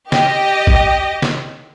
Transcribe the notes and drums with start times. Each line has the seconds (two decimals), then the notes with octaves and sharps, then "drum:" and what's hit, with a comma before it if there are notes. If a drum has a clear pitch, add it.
0.12 G4 D#5, drum: snare
0.67 drum: kick
1.22 drum: snare